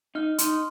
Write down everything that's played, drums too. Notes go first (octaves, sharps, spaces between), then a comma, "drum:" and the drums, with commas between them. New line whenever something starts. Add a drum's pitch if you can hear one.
D#4 F6
D#4 C6, drum: hi-hat